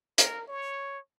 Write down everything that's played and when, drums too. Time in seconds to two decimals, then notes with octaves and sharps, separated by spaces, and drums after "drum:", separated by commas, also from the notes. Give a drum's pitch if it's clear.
0.18 A#4, drum: hi-hat
0.48 C#5